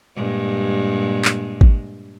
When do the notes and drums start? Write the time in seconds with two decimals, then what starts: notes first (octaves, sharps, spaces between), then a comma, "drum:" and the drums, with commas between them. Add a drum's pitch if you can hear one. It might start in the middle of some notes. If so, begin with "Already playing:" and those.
0.16 G2 A#2 G#3
1.25 drum: clap
1.61 drum: kick G#1